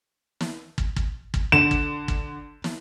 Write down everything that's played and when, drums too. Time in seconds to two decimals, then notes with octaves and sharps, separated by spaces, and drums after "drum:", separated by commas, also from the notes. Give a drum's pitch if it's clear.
0.41 drum: snare
0.78 drum: kick
0.96 drum: kick
1.34 drum: kick
1.52 D3 E7
1.71 drum: kick
2.08 drum: kick
2.64 drum: snare